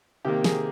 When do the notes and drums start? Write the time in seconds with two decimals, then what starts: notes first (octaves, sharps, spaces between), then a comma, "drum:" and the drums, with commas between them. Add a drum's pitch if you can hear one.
0.25 C3 D#3 A#3 G4
0.44 G#4, drum: snare